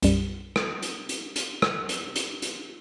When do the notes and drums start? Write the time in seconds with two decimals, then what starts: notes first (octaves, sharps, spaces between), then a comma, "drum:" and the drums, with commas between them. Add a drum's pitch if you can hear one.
0.03 B1 F#2 G3, drum: hi-hat
0.56 drum: rim click
0.82 drum: hi-hat
1.09 drum: hi-hat
1.36 drum: hi-hat
1.62 drum: rim click
1.89 drum: hi-hat
2.16 drum: hi-hat
2.42 drum: hi-hat